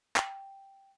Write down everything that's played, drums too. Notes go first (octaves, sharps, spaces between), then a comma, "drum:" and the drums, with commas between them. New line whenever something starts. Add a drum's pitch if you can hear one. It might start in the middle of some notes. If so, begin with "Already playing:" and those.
G5, drum: clap